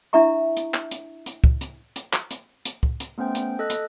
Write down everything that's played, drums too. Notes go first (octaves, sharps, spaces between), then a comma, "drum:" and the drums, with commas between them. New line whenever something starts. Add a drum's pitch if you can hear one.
D4 E4 E5 A#5 C#6
drum: hi-hat
drum: clap
drum: hi-hat
drum: hi-hat
drum: kick C#2
drum: hi-hat
drum: hi-hat
drum: clap
drum: hi-hat
drum: hi-hat
drum: kick C#2
drum: hi-hat
A3 B3 C#4 C5 G5
drum: hi-hat
A4 D#5 F#6
drum: hi-hat